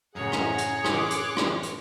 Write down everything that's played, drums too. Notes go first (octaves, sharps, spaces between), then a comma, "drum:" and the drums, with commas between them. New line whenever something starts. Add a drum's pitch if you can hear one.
F#2 A2 C#3 G#4 C#5 F#5 A#5
drum: rim click
drum: hi-hat
C6 D6 F#6, drum: rim click
drum: hi-hat
drum: rim click
drum: hi-hat